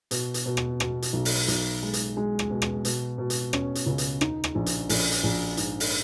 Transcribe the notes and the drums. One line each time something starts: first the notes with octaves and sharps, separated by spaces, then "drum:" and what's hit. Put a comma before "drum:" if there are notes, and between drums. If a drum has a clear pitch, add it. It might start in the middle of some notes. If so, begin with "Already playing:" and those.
B2, drum: hi-hat
drum: hi-hat
B2
drum: rim click
B2, drum: rim click
drum: hi-hat
B1
drum: open hi-hat
B1, drum: hi-hat
G#3
drum: hi-hat
G#3
drum: rim click
B2
drum: rim click
B2, drum: hi-hat
B2
drum: hi-hat
C#4, drum: rim click
drum: hi-hat
C#2
drum: hi-hat
D#4, drum: rim click
drum: rim click
A#1
drum: hi-hat
A#1, drum: open hi-hat
drum: hi-hat
A#1
G#2, drum: hi-hat
drum: open hi-hat